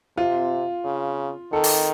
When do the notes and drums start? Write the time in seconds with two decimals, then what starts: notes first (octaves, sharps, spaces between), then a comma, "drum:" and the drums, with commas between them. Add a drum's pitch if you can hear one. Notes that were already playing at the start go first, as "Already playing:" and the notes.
0.17 C3 F4
0.85 C#3
1.52 D#3 A4
1.64 drum: open hi-hat